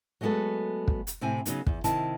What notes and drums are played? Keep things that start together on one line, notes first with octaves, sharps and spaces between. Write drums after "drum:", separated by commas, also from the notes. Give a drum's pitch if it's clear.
F#3 G#3 A3 B3 F#4 A4
drum: kick
drum: hi-hat
A2 C3 C4 E4 G#5
C#3 F#3 B3 D#4, drum: hi-hat
E2, drum: kick
C3 D#3 E4 A5, drum: hi-hat